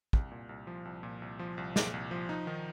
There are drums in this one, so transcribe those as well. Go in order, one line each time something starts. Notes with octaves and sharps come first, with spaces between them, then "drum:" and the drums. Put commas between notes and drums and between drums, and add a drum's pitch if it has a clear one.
C2, drum: kick
A#2
C2
F3
C2
A#2
C2
F3
C2
A#2, drum: snare
C2
F3
D#4
D#3